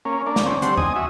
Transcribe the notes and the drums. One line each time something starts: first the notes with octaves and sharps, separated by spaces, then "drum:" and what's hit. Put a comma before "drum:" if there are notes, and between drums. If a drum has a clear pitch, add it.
A#3 C#4
A#3 D4
drum: snare
D3 C4 C#4
D3 G3 C4 C5 F#5, drum: hi-hat
D#5 G#5 D#6, drum: tom E2
F#4 E5